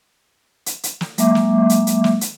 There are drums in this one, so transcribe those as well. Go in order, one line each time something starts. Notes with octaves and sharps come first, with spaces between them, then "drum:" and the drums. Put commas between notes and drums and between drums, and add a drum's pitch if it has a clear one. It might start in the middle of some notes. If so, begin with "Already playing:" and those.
drum: hi-hat
drum: hi-hat
drum: snare
F#3 G#3 A#3 E5 D6, drum: hi-hat
drum: snare
drum: hi-hat
drum: hi-hat
drum: snare
drum: hi-hat